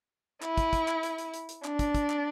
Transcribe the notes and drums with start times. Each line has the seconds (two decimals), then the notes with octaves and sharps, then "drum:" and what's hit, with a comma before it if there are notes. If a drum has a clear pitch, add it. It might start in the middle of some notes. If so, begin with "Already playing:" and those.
0.42 E4, drum: clap
0.58 drum: kick, hi-hat
0.73 drum: kick, hi-hat
0.88 drum: clap
1.03 drum: hi-hat
1.18 drum: hi-hat
1.34 drum: hi-hat
1.49 drum: hi-hat
1.64 D4, drum: clap
1.79 drum: kick, hi-hat
1.94 drum: kick, hi-hat
2.10 drum: clap